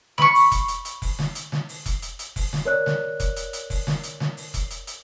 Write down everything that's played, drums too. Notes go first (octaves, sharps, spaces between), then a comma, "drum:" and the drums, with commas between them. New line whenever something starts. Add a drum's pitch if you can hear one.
B5 C#6, drum: snare
drum: open hi-hat
drum: kick F1, hi-hat
drum: hi-hat
drum: hi-hat
drum: kick F1, open hi-hat
drum: snare
drum: hi-hat
drum: snare
drum: open hi-hat
drum: kick F1, hi-hat
drum: hi-hat
drum: hi-hat
drum: kick F1, open hi-hat
drum: snare
A#4 C#5 D5 F#6
drum: snare
drum: kick F1, hi-hat
drum: hi-hat
drum: hi-hat
drum: kick F1, open hi-hat
drum: snare
drum: hi-hat
drum: snare
drum: open hi-hat
drum: kick F1, hi-hat
drum: hi-hat
drum: hi-hat